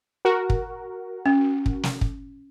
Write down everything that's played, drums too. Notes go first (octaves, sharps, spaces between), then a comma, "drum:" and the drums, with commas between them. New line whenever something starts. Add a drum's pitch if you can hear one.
F#4 A#4
drum: kick
C#4
drum: kick
drum: snare
drum: kick